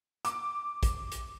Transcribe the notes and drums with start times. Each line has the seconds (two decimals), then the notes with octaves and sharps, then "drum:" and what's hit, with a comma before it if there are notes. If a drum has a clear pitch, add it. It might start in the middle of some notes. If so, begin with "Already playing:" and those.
0.25 D6, drum: hi-hat
0.83 drum: kick A#1, hi-hat
1.12 drum: hi-hat